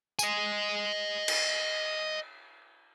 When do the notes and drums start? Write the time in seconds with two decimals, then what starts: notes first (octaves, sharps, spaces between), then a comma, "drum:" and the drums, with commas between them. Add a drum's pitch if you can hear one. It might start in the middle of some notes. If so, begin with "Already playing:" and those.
0.19 D#5 G#5, drum: tambourine
1.28 drum: cymbal